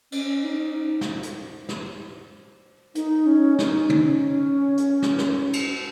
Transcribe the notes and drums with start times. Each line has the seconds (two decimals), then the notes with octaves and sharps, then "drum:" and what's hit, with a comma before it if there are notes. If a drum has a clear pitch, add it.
0.12 C#4, drum: cymbal
0.44 D#4
1.01 drum: snare
1.23 drum: hi-hat
1.69 drum: snare
2.95 D#4, drum: hi-hat
3.26 C#4
3.59 D#4, drum: snare
3.90 C#4, drum: tom
4.78 drum: hi-hat
5.02 drum: snare
5.18 drum: snare
5.53 drum: cymbal